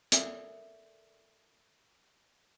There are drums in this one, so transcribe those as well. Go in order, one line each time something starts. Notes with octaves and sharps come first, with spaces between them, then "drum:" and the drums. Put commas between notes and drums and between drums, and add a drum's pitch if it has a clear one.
A4 A#4 D5 E5, drum: hi-hat